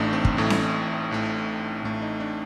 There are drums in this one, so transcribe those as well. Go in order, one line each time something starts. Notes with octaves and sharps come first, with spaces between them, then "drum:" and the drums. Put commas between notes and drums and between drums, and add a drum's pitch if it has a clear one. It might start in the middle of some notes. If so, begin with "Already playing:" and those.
Already playing: A1 A2 A3 D4 D#4
C4
drum: kick
A1 A2 A3
drum: snare C#4
A1 A2 A3
A1 A2 A3
D#4
D4